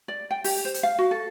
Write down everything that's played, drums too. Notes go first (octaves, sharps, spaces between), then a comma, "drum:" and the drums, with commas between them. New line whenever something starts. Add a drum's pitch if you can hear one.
D5
G5
G4, drum: open hi-hat
C5
drum: hi-hat
F5
F#4
A4